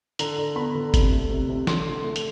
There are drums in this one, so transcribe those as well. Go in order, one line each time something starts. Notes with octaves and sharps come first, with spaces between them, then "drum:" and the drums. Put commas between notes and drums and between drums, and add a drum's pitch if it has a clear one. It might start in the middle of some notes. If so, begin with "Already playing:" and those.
D3 A#5, drum: hi-hat
D3
B3 B5
D3
C3, drum: kick G1, hi-hat
A3
C3
C3
D3 C6, drum: snare
D3
A3
drum: hi-hat